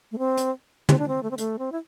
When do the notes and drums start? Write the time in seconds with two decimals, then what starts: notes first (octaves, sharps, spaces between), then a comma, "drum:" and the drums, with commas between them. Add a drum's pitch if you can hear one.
0.12 A3
0.18 C4
0.37 drum: hi-hat
0.89 C4, drum: tom
0.99 D4
1.08 C4
1.23 A3
1.31 C4
1.38 A3, drum: hi-hat
1.59 C4
1.72 E4